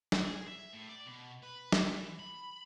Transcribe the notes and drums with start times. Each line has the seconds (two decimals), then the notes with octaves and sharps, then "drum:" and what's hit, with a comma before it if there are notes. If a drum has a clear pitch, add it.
0.12 drum: snare
0.25 G#4
0.48 E5
0.73 A2
0.89 D5
1.07 B2
1.43 B4
1.72 drum: snare
1.87 E3
2.19 B5